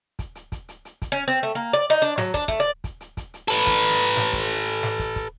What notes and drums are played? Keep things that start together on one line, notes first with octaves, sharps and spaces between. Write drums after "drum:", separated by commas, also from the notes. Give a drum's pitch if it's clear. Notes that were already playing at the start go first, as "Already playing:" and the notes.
drum: kick, hi-hat
drum: hi-hat
drum: kick, hi-hat
drum: hi-hat
drum: hi-hat
drum: kick, hi-hat
C#4
C4
A3
A#3
D5
D#4
D4
F#3, drum: snare
D4, drum: kick, hi-hat
A3, drum: kick, hi-hat
D5
drum: kick, hi-hat
drum: hi-hat
drum: kick, hi-hat
drum: hi-hat
A4 B4, drum: hi-hat
drum: kick, hi-hat
drum: hi-hat
drum: snare
drum: kick, hi-hat
drum: hi-hat
drum: hi-hat
drum: snare
drum: kick, hi-hat
drum: kick, hi-hat